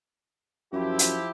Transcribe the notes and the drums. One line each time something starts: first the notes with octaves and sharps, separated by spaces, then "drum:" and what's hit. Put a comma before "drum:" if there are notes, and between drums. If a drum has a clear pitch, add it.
F#2 F3 E4 G4
drum: hi-hat